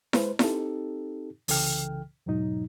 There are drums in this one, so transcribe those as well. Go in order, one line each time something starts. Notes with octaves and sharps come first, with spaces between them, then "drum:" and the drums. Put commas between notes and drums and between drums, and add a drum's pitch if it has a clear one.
G#3 B4 C5, drum: snare E4
C4 D#4 G4 A4, drum: snare E4
C2 C#3 E3 A4 G5 F6, drum: open hi-hat
E2 G#2 B2 F#3 D#4